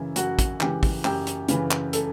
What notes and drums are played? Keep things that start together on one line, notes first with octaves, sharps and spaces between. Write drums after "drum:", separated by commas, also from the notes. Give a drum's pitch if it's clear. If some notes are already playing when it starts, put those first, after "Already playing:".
Already playing: F#2 C#3 E3 E4
F#2 F#4, drum: hi-hat
drum: kick, hi-hat
C#3 E3 G4, drum: clap
drum: kick, open hi-hat
F#2 G4, drum: clap
drum: hi-hat
C#3 E3 B4, drum: hi-hat
drum: clap
A4, drum: hi-hat